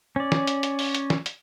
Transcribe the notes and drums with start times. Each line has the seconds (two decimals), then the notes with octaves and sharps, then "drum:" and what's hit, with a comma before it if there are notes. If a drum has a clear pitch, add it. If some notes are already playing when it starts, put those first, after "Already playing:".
0.16 C#4 D5
0.32 drum: snare
0.47 drum: hi-hat
0.63 drum: hi-hat
0.79 drum: open hi-hat
0.94 drum: hi-hat
1.10 drum: snare
1.26 drum: hi-hat